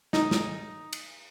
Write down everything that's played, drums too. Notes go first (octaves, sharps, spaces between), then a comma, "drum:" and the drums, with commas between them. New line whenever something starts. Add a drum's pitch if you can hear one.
D#4, drum: snare
drum: snare
drum: cymbal